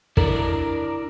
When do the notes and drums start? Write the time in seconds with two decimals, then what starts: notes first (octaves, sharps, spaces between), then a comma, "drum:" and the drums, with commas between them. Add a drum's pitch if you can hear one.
0.17 D4 E4 A#4 D5, drum: kick